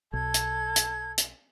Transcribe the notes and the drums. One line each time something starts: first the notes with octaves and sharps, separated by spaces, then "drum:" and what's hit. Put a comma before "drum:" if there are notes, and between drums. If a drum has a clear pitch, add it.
B1 A4 G#6
drum: hi-hat
drum: hi-hat
drum: hi-hat